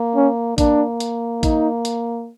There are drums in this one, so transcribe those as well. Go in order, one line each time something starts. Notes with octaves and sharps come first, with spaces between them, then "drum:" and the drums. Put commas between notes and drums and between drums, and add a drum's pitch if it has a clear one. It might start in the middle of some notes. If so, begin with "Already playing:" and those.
Already playing: A#3
C#4
A#3 D4, drum: kick A1, hi-hat
drum: hi-hat
D#4, drum: kick A1, hi-hat
drum: hi-hat